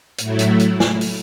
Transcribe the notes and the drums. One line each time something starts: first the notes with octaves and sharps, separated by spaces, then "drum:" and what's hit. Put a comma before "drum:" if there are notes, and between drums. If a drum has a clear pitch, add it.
A2 F#3 A3 E4, drum: hi-hat
drum: hi-hat
drum: hi-hat
drum: snare
drum: open hi-hat